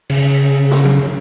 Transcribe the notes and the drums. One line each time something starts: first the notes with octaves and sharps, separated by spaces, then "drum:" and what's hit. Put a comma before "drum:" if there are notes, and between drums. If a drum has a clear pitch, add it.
C#3, drum: cymbal
drum: snare
drum: tom